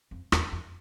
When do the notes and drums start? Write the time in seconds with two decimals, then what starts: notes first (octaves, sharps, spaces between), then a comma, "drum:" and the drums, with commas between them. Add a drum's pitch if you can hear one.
0.11 F2
0.32 E2, drum: rim click
0.52 F2